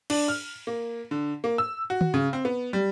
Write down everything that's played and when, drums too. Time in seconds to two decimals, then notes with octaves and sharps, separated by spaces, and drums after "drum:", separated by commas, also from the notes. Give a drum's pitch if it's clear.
0.10 D4, drum: cymbal
0.28 F6
0.67 A#3
1.11 D3
1.44 A#3
1.58 E6
1.90 F#4
2.01 drum: tom D#3
2.14 C#3
2.33 C4
2.45 B3
2.73 G3